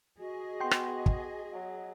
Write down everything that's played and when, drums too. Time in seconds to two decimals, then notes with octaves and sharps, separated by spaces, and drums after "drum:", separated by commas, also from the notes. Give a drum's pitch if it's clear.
0.20 F#4 G#4 D#5
0.60 B3 G5 C6
0.71 drum: rim click
1.06 drum: kick
1.53 F#3